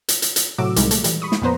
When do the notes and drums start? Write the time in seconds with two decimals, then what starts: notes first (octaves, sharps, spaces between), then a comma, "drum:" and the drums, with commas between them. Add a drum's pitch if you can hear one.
0.09 drum: hi-hat
0.22 drum: hi-hat
0.36 drum: hi-hat
0.58 A2 C3 F#3 F#4 D6 E6
0.76 C2 A#2 D#3 G3 G#3, drum: hi-hat
0.91 A3, drum: hi-hat
1.04 E3 G3, drum: hi-hat
1.22 B5 C#6 D#6
1.32 drum: snare
1.42 F2 A#2 B3 B4 C5 A#5